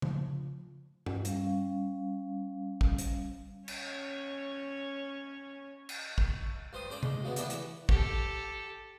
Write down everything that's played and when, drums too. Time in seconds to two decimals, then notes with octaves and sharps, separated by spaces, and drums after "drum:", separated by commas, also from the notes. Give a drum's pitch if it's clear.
0.02 F3, drum: tom C#3
1.06 drum: tom G2
1.25 G3 C#4 F5, drum: hi-hat
2.81 drum: kick
2.98 drum: hi-hat
3.68 C#4 C#5, drum: cymbal
5.89 drum: cymbal
6.18 drum: kick
6.73 G2 C5 D#6
6.90 C#4 A4 D5 G5
7.03 G#3, drum: tom C3
7.23 D2 C#3 G#3 B3
7.36 E3 G3 A3 B3 D4 D#4, drum: hi-hat
7.50 E3, drum: hi-hat
7.89 G4 A4, drum: kick